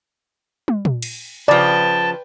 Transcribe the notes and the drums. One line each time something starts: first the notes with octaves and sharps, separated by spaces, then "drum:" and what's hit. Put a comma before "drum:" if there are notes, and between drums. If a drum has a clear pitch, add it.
drum: tom
drum: tom A#2
drum: cymbal
C#3 F3 B4 D5 G5 A5